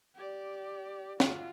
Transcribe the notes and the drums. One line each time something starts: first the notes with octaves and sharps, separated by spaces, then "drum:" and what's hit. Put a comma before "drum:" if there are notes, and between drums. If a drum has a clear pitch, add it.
G4 D5
F4 F#4, drum: snare